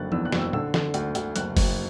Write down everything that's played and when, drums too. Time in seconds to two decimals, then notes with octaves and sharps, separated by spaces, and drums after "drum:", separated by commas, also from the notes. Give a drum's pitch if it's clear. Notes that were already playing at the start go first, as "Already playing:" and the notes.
Already playing: F#1 D3 F#6 A6
0.12 E2 E6, drum: tom F3
0.25 F#6
0.32 F#1, drum: snare
0.39 E6
0.53 D3 E6, drum: tom A#2
0.74 D3, drum: snare
0.94 D2, drum: hi-hat
1.15 D2, drum: hi-hat
1.36 F#1 F#6, drum: hi-hat
1.57 F#1, drum: kick F#1, open hi-hat